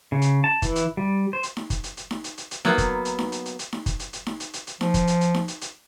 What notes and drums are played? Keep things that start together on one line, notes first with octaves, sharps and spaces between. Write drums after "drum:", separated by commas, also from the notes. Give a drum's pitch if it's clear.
C#3
drum: hi-hat
A5
E3, drum: kick, hi-hat
drum: hi-hat
G3
C5
drum: hi-hat
drum: snare D#4
drum: kick, hi-hat
drum: hi-hat
drum: hi-hat
drum: snare D#4
drum: hi-hat
drum: hi-hat
drum: hi-hat
F#3 A#3 B3, drum: snare D#4
drum: kick, hi-hat
drum: hi-hat
drum: snare D#4
drum: hi-hat
drum: hi-hat
drum: hi-hat
drum: snare D#4
drum: kick, hi-hat
drum: hi-hat
drum: hi-hat
drum: snare D#4
drum: hi-hat
drum: hi-hat
drum: hi-hat
F3, drum: snare D#4
drum: kick, hi-hat
drum: hi-hat
drum: hi-hat
drum: snare D#4
drum: hi-hat
drum: hi-hat